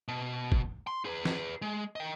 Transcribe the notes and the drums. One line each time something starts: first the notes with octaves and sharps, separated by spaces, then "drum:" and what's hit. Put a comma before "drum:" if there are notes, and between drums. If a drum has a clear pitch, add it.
B2
drum: kick
C6
G#4 B4
drum: snare
G#3
D#5 G5